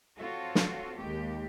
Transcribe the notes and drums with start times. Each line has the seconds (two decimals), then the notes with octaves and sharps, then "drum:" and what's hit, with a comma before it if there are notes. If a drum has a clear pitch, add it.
0.19 C4 F4 F#4 A4 C#5
0.55 drum: snare
0.97 D#2 G#3 G4